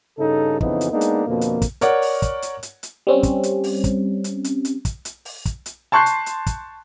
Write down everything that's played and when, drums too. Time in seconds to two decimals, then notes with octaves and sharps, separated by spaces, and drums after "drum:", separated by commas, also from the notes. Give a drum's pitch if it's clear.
0.18 G2 C#3 D#4 A4
0.61 F2 C#3 E3 F3 B3 D#4, drum: kick
0.81 drum: hi-hat
0.91 G#3 A#3 B3 D4 D#4
1.01 drum: hi-hat
1.26 F2 B2 D3 F3 A#3
1.41 drum: hi-hat
1.62 drum: kick, hi-hat
1.81 A#4 C#5 D5 F#5, drum: hi-hat
2.02 drum: open hi-hat
2.22 drum: kick, hi-hat
2.42 drum: hi-hat
2.63 drum: hi-hat
2.83 drum: hi-hat
3.07 G3 C4 C#4
3.23 drum: kick, hi-hat
3.43 drum: hi-hat
3.64 drum: open hi-hat
3.84 drum: kick, hi-hat
4.24 drum: hi-hat
4.44 drum: hi-hat
4.65 drum: hi-hat
4.85 drum: kick, hi-hat
5.05 drum: hi-hat
5.25 drum: open hi-hat
5.45 drum: kick, hi-hat
5.66 drum: hi-hat
5.92 A5 C6 C#6 F#6 G6 C7
6.06 drum: hi-hat
6.26 drum: hi-hat
6.46 drum: kick, hi-hat